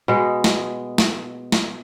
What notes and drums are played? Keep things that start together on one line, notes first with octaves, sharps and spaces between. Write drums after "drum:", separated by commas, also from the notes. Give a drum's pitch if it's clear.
B2 G#3
drum: snare
drum: snare
drum: snare